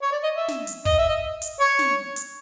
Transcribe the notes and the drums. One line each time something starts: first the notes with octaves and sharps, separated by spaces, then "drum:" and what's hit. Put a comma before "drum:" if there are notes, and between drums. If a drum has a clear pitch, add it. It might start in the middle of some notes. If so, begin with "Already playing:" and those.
C#5
D5
D#5
E5
drum: snare
drum: hi-hat
D#5, drum: kick
E5
D#5
drum: hi-hat
C#5
drum: snare
drum: hi-hat